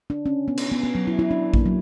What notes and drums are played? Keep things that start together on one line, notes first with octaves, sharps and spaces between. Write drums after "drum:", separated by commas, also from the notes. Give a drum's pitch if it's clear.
D4
C#4
B3
drum: cymbal
B3
B3
F#3
E4
E4
D4
A#3, drum: kick A#1
F#3